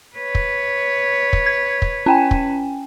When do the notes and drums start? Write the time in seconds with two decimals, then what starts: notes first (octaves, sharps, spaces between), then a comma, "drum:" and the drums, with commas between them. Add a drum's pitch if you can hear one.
0.16 B4 C#5
0.35 drum: kick
1.33 drum: kick
1.46 G#6
1.82 drum: kick
2.06 C#4 G5 G#5
2.31 drum: kick